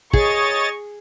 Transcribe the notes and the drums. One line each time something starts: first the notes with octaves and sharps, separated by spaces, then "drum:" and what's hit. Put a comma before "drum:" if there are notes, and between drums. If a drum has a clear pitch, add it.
G#4 C#5 D#5 C#6 A6, drum: kick